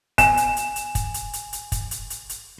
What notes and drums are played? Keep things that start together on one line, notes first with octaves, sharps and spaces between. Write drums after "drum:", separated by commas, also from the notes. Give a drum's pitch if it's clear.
G#5 E7, drum: kick, hi-hat
drum: hi-hat
drum: hi-hat
drum: hi-hat
drum: kick, hi-hat
drum: hi-hat
drum: hi-hat
drum: hi-hat
drum: kick, hi-hat
drum: hi-hat
drum: hi-hat
drum: hi-hat